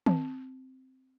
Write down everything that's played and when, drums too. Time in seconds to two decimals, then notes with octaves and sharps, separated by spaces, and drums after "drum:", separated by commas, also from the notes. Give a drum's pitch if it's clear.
0.06 C4, drum: tom D#3